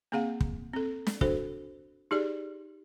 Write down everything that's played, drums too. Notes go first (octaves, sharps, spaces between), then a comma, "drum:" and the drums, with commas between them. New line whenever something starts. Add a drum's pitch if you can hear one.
A#3 C4 G#4 F5 F#5
drum: kick
C4 A4
drum: snare
D4 F#4 A4 C5, drum: kick
D#4 G4 G#4 D5